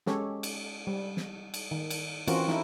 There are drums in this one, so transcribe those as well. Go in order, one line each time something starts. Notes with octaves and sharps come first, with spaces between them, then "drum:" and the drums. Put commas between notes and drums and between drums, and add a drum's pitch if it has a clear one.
G#3 C#4 G4 A4 C#5, drum: snare
drum: cymbal
G3
drum: snare
drum: cymbal
D#3
drum: cymbal
E3 C4 C#4 F4 F#4 A#4, drum: cymbal
D#4 E4 A4, drum: snare